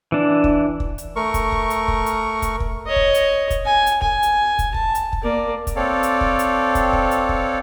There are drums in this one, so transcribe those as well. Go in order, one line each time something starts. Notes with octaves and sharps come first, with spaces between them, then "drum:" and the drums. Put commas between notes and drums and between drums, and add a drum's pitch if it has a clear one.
E3 D4
drum: kick
drum: kick
drum: hi-hat
A3 A#4 C#6
drum: kick, hi-hat
drum: kick
drum: hi-hat
drum: kick
drum: hi-hat
drum: kick, hi-hat
drum: kick
C#5 D#5
drum: kick
drum: hi-hat
drum: kick, hi-hat
G#5
drum: hi-hat
G#5, drum: kick
drum: hi-hat
drum: kick, hi-hat
A5, drum: kick
drum: hi-hat
drum: kick
A#3 D5
drum: kick, hi-hat
C4 A4 C#5 D5 F5
drum: hi-hat
drum: kick
drum: hi-hat
drum: kick, hi-hat
drum: kick
drum: hi-hat
drum: kick